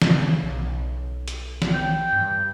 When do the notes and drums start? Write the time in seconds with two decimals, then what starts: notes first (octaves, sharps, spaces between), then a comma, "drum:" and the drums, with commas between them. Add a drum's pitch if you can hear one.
0.02 C#3, drum: snare
0.43 B1
1.28 drum: hi-hat
1.62 drum: snare
1.74 G5
2.12 G2